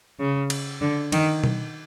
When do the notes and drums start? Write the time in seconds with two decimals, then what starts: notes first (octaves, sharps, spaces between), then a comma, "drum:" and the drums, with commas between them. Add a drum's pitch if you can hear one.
0.20 C#3
0.50 drum: cymbal
0.81 D3
1.12 D#3, drum: cymbal
1.44 drum: tom B2